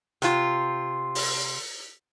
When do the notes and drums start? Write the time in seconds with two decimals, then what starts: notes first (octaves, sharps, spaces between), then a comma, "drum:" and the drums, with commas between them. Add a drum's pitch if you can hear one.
0.22 C3 F4, drum: hi-hat
1.15 drum: open hi-hat